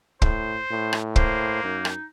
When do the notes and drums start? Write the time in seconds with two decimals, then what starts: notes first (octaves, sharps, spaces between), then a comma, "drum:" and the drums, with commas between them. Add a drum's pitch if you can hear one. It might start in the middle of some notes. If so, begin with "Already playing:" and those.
0.22 A2 C5, drum: kick
0.71 A2
0.93 drum: rim click
1.16 A#3 C5, drum: kick
1.64 F#2 D#4
1.85 drum: rim click